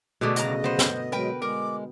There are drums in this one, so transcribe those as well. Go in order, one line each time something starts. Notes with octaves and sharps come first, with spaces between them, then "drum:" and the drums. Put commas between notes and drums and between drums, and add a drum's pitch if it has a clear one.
B2 D3 G3 A3 G4 G#4
A2 C#3 F#3 D#5 A#5, drum: hi-hat
F#3 B3 C5
drum: snare
B2 F#3 G#3 A#4 B4 G5
G#3 A#4 D6